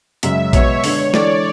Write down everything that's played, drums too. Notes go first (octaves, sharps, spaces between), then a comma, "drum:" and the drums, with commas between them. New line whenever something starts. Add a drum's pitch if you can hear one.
F#2 C#3 G#3 C#4 E5, drum: hi-hat
B2 G#3 B3 C#5, drum: kick A#1, hi-hat
D3 G#3 B3 D4 C#5, drum: open hi-hat
E3 G#3 D4 A4 D5, drum: snare